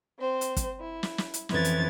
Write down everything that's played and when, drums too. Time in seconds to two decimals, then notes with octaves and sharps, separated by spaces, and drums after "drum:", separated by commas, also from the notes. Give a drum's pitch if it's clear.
0.18 C4 C5
0.41 drum: hi-hat
0.57 drum: kick, hi-hat
0.79 E4
1.03 drum: snare
1.18 drum: snare
1.34 drum: hi-hat
1.49 F2 E3 C#4 B4 G#6 A6, drum: snare
1.64 drum: hi-hat